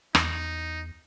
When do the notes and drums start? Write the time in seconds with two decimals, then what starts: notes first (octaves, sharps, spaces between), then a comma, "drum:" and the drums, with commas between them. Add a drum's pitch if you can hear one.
0.15 E2 D#4, drum: rim click